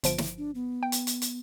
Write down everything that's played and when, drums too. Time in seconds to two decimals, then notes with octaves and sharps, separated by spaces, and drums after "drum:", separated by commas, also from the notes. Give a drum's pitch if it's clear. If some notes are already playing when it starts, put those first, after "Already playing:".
0.04 G1 F3 D7, drum: hi-hat
0.18 drum: snare
0.38 D4
0.55 B3
0.83 G5
0.92 drum: hi-hat
1.07 drum: hi-hat
1.22 drum: hi-hat